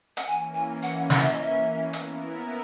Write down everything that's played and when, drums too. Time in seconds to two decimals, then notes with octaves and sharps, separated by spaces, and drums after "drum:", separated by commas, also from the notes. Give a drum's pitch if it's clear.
0.17 F#5, drum: hi-hat
0.26 E3 A#3 C#4 G#5
0.54 G#5
0.83 F#5
1.10 F#5, drum: snare
1.20 E5
1.31 D#5
1.42 E5
1.93 B3 E4 A#4, drum: hi-hat